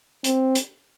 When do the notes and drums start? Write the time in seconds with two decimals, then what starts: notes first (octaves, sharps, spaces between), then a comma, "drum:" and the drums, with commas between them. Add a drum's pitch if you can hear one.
0.24 C4, drum: hi-hat
0.55 drum: hi-hat